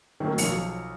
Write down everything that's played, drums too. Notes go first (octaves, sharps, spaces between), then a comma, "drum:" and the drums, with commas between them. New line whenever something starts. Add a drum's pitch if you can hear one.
D#3 F#3 A3 A#3
B1 F3 F#3 C#7, drum: open hi-hat